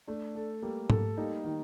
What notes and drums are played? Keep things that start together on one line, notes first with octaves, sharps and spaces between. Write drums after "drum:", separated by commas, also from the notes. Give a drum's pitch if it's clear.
A3 D4
A4
G3 A#3
A3 A4, drum: tom G#2
G3 A#3 D#4
D#3